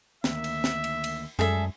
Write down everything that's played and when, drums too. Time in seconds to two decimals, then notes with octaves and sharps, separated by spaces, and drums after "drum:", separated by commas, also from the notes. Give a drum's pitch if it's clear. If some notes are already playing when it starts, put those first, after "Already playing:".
0.24 D2 D#3 A#3 E5, drum: snare
0.44 drum: cymbal
0.64 drum: snare
0.84 drum: cymbal
1.04 drum: cymbal
1.39 F#2 G3 G#3 G#4 A4 E5